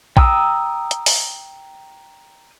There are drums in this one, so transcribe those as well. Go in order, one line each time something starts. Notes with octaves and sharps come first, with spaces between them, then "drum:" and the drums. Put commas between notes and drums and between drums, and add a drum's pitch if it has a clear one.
G5 A#5 D#6 E6, drum: kick A#1
drum: hi-hat
drum: open hi-hat